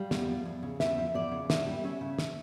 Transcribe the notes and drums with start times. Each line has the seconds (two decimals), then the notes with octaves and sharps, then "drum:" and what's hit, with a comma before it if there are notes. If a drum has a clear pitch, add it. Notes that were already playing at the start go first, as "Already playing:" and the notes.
Already playing: G3 F5
0.11 E2, drum: snare
0.28 F3
0.45 E2
0.63 C#3
0.80 E2 E5, drum: snare
0.98 F3
1.14 E2 D5
1.31 C#3
1.50 E2 E5, drum: snare
1.66 G3
1.84 C#4 E5
2.01 C#3
2.19 drum: snare